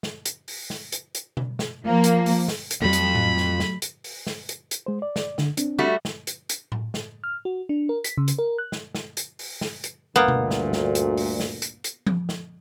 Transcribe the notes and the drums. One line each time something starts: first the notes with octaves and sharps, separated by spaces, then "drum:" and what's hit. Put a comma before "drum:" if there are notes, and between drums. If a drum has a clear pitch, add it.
drum: snare
drum: hi-hat
drum: open hi-hat
drum: snare
drum: hi-hat
drum: hi-hat
drum: tom B2
drum: snare
F3 A#3
drum: hi-hat
drum: open hi-hat
drum: snare
drum: hi-hat
F2 F#3 G3 A3 B5
drum: hi-hat
drum: tom A2
drum: snare
drum: snare
drum: hi-hat
drum: open hi-hat
drum: snare
drum: hi-hat
drum: hi-hat
G#3 C5
D5
drum: snare
D3, drum: snare
C4 D4, drum: hi-hat
G3 A3 F#4
drum: snare
drum: hi-hat
drum: hi-hat
drum: tom A2
drum: snare
F6
F#4
D4
A#4
B6, drum: hi-hat
C#3
drum: hi-hat
A#4
F#6
drum: snare
drum: snare
drum: hi-hat
drum: open hi-hat
drum: snare
drum: hi-hat
D2 G2 A#2 A#3 B3
drum: tom B2
drum: snare
drum: snare
drum: hi-hat
drum: open hi-hat
drum: snare
drum: hi-hat
drum: hi-hat
drum: tom F3
drum: snare